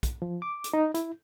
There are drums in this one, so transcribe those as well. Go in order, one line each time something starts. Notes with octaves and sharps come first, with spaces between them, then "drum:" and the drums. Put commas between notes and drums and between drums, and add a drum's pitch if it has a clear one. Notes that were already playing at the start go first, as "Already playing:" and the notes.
drum: kick, hi-hat
F3
D6
drum: hi-hat
D#4
E4, drum: hi-hat